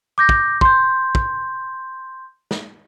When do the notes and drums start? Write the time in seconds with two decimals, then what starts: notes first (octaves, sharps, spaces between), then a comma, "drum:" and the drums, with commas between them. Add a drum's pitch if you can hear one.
0.18 D6 G6 A#6
0.29 drum: kick
0.61 C6 G6, drum: kick
1.15 drum: kick
2.51 drum: snare